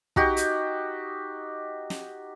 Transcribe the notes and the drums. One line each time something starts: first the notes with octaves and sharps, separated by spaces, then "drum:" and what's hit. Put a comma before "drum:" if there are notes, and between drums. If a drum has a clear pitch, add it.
D#4 F#4 G4, drum: kick
drum: hi-hat
drum: snare